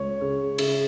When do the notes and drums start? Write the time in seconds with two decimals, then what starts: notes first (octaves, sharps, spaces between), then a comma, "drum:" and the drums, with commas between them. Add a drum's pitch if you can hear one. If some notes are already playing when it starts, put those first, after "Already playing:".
Already playing: C#2 C#5
0.21 C#3
0.58 C#3, drum: cymbal